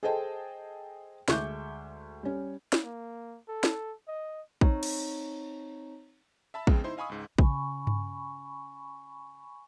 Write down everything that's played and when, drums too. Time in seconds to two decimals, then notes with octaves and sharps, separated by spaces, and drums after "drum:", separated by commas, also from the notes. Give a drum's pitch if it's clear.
0.03 G#4 A4 C5 D#5 G5 A5
1.28 D2 G#3 E5 C#6 D6 G6, drum: snare
2.23 G3 C#4
2.73 drum: snare
2.84 A#3
3.48 A4
3.64 drum: snare
4.08 D#5
4.61 C4 D#4 C#5 A#5, drum: kick
4.83 drum: cymbal
6.54 E5 A5 B5 E6
6.67 F2 C#3 G#3 B3 G5, drum: kick
6.84 D#4 E4 C5 C6
6.97 D#5 F5 G#5 B5 C#6 D#6
7.09 C#2 G#2
7.38 C#3 G#5 B5 C#6, drum: kick
7.87 drum: tom G2